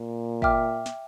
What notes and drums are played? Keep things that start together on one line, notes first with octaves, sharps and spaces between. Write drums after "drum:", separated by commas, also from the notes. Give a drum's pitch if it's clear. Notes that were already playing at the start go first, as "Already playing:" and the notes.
Already playing: A#2
E5 G5 D6 F6, drum: kick
drum: snare